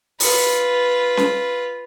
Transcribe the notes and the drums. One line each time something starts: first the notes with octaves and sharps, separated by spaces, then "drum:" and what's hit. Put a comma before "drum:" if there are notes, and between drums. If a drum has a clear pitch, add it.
F4 B4, drum: open hi-hat
drum: snare C#4